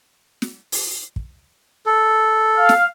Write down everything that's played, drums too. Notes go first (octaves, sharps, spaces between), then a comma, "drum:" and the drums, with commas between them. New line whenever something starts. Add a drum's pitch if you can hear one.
drum: snare
drum: open hi-hat
drum: kick
A4
F5
drum: snare